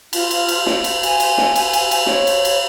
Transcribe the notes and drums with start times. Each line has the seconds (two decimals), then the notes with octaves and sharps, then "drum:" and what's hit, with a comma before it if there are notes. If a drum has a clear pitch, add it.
0.13 F4, drum: cymbal
0.31 drum: cymbal
0.48 drum: cymbal
0.66 drum: snare
0.84 drum: cymbal
1.03 G#5, drum: cymbal
1.20 drum: cymbal
1.38 drum: snare
1.56 drum: cymbal
1.73 drum: cymbal
1.91 drum: cymbal
2.06 C#5, drum: snare
2.27 drum: cymbal
2.45 drum: cymbal